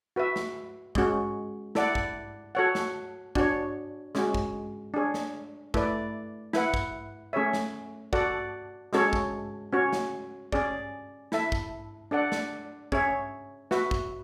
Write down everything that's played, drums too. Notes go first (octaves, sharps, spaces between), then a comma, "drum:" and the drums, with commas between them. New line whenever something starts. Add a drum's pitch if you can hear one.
F#4 B4 E5
drum: snare
G#3 C#4 F#4, drum: kick
E4 A4 D5 F#5, drum: snare
drum: kick
F#4 A4 C#5 F#5
drum: snare
D4 F#4 C#5, drum: kick
G#3 C#4 F#4, drum: snare
drum: kick
D4 G#4 C#5
drum: snare
A3 E4 B4 D5, drum: kick
E4 B4 F#5, drum: snare
drum: kick
A3 C#4 G#4 C#5 E5
drum: snare
F#4 A4 D5 F#5, drum: kick
G#3 C#4 F#4 A4 C#5, drum: snare
drum: kick
C#4 F#4 C#5
drum: snare
C#4 G#4 D5, drum: kick
E4 A4 E5, drum: snare
drum: kick
D4 A4 D5 F#5
drum: snare
C#4 G#4 C#5 E5, drum: kick
F#4 B4 E5, drum: snare
drum: kick